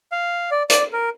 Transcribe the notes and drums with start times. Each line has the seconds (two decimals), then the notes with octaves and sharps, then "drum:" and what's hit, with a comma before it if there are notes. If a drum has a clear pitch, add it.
0.12 F5
0.51 D5
0.70 D5, drum: hi-hat
0.93 A#4